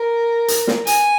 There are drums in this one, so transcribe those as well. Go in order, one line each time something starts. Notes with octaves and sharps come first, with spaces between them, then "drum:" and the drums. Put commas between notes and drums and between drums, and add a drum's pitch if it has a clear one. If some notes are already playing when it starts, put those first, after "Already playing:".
Already playing: A#4
drum: hi-hat
drum: snare
G#5, drum: hi-hat